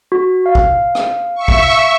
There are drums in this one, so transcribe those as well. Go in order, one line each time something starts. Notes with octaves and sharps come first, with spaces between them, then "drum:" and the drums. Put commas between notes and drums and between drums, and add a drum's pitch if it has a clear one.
F#4
F5
drum: kick
drum: rim click
E5 C#6
drum: kick